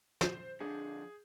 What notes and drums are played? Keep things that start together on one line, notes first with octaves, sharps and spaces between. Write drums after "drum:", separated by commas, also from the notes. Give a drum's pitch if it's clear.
C5 G6, drum: snare
D3 F3 D4 G#4